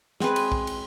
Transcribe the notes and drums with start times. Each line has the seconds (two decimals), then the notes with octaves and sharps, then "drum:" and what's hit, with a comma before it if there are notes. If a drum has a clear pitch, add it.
0.20 G#3 C4 G#4 B4, drum: snare
0.36 drum: cymbal
0.52 drum: kick B1
0.67 drum: cymbal